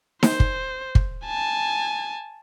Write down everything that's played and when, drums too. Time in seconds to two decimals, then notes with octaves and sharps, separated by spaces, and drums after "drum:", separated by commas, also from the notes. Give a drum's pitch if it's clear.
0.23 C5, drum: snare D#4
0.40 drum: kick
0.95 drum: kick
1.25 G#5 A5